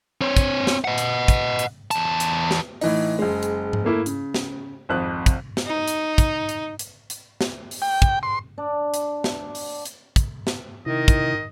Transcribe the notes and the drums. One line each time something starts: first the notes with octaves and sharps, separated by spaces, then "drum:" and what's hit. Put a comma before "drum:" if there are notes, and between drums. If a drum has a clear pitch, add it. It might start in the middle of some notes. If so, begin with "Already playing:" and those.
C4 C#5
drum: kick, hi-hat
drum: snare
D#5 F#5
drum: hi-hat
drum: kick, hi-hat
drum: hi-hat
E2 A5, drum: hi-hat
drum: hi-hat
drum: snare
A2 E3 D#4, drum: open hi-hat
F#1 G#3
drum: hi-hat
drum: tom G#2
A3 A#3 E4
C#3, drum: hi-hat
drum: snare
G#1 F2 F#6
drum: kick, hi-hat
drum: snare
D#4
drum: hi-hat
drum: kick, hi-hat
drum: hi-hat
drum: hi-hat
drum: hi-hat
drum: snare
drum: open hi-hat
G5
drum: kick, hi-hat
C6
D4
drum: hi-hat
drum: snare
drum: open hi-hat
drum: hi-hat
drum: kick, hi-hat
drum: snare
C3 D#3 E4 D#5
drum: kick, hi-hat